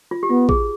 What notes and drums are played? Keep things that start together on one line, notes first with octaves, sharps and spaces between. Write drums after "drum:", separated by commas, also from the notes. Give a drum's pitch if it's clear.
F4
G4
B3 F4
G#4, drum: kick